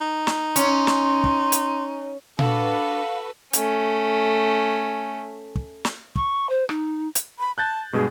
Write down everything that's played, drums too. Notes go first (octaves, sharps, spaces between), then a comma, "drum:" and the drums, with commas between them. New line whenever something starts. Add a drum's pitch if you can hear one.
D#4
drum: snare
C#4 C6, drum: hi-hat
drum: snare
drum: kick
drum: hi-hat
D4 F#4 A4 B4 F5, drum: tom A#2
A3 C#4, drum: hi-hat
drum: kick
drum: snare
C#6, drum: kick
C5
D#4, drum: rim click
drum: hi-hat
B5
A5 F#6 G6 A6
G2 B2 G#3 G#4